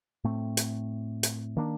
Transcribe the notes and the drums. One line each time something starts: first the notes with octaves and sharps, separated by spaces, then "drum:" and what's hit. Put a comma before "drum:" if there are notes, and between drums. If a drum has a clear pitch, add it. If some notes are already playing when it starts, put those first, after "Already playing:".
A2 A3 C4
drum: hi-hat
drum: hi-hat
D#3 A#3 D4